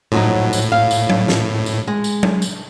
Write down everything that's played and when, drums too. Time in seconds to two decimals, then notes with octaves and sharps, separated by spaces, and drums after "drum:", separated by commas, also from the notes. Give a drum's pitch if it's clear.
0.12 A2 F3 F#3 D#4
0.53 drum: tambourine
0.72 F5
0.91 drum: tambourine
1.10 drum: tom F#3
1.28 drum: snare
1.66 drum: tambourine
1.87 G#3
2.04 drum: tambourine
2.23 drum: tom F#3
2.42 drum: tambourine